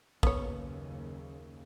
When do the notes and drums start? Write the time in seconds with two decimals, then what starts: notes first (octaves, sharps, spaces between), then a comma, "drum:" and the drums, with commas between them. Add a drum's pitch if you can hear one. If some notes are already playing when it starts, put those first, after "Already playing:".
0.23 F#1 D#2 C#3 B3 C#5, drum: kick